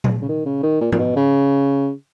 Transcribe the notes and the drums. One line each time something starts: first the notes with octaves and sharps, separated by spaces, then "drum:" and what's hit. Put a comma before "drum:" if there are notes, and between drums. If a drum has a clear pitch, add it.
drum: tom A#2
C#3
D#3
C#3
D#3
A#2
A#2, drum: tom G#2
B2
C#3